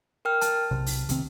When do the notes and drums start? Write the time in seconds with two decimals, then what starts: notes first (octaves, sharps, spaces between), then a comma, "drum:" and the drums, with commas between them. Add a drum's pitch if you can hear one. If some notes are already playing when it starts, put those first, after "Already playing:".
0.25 A#4 G5 F6
0.41 A5, drum: hi-hat
0.71 B1 C3
0.86 drum: open hi-hat
1.09 C3 D#3 C4, drum: hi-hat